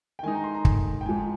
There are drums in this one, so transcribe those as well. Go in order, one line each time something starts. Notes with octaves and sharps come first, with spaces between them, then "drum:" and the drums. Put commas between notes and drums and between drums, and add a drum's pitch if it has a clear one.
G5
D#3 G#3 D#4 G#5
A#5
C6
A#5
drum: kick
G5
G#2 F3 G#3 G#5